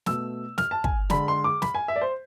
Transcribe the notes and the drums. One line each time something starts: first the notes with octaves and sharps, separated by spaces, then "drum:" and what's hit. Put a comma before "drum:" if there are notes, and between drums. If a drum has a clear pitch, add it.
B2 A3 E6, drum: snare
F6, drum: snare
A5
G#5, drum: kick
D3 G#3 B5, drum: snare
C6
D6
B5, drum: snare
G#5
E5
D5
C5